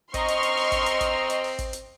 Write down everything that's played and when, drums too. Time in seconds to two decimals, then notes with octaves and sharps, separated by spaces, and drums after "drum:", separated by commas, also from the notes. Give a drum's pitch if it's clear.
0.14 C4 D#5 A#5 C6 C#6 F6, drum: kick, hi-hat
0.28 drum: hi-hat
0.43 drum: hi-hat
0.57 drum: open hi-hat
0.72 drum: kick, hi-hat
0.86 drum: hi-hat
1.01 drum: kick, hi-hat
1.30 drum: hi-hat
1.44 drum: open hi-hat
1.59 drum: kick, hi-hat
1.73 drum: hi-hat